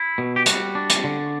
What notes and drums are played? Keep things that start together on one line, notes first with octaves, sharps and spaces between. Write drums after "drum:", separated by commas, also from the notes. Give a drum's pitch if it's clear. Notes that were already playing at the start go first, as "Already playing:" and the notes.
Already playing: E4
B2
G4
G3 F#4, drum: hi-hat
D4
drum: hi-hat
D3